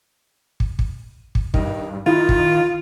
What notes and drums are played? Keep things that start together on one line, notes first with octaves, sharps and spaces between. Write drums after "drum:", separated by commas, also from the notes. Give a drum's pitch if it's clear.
drum: kick
drum: kick
drum: kick
G2 D#3, drum: kick
D#3 E4 F4
drum: kick